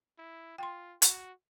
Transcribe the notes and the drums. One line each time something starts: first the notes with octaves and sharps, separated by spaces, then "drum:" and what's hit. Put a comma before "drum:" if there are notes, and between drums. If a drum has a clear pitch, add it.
E4
F4 G5 C6
F#4, drum: hi-hat